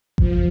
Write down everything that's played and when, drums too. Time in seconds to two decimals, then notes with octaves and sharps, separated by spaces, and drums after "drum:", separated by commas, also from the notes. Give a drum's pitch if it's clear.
0.18 F3, drum: kick G#1